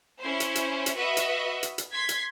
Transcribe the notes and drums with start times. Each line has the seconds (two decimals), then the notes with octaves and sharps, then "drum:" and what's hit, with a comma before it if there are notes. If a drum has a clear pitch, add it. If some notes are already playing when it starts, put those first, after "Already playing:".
0.20 C#4 E4 C5
0.40 drum: hi-hat
0.55 drum: hi-hat
0.86 drum: hi-hat
0.96 F#4 B4 D#5 E5
1.17 drum: hi-hat
1.63 drum: hi-hat
1.78 drum: hi-hat
1.93 C6 G#6 B6
2.09 drum: hi-hat